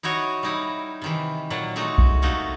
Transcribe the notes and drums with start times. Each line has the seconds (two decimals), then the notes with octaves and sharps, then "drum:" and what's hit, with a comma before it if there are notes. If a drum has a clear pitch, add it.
0.03 D#4 E4 F#4 C#5 D#5
0.43 G3 D#4 E4
1.02 C3 D#3 E3
1.50 A#2 F#3 A#3 F#5
1.76 G#3 A3 D#4 F#4
1.98 drum: kick B1
2.22 C3 A3 A#3 D#4 F#4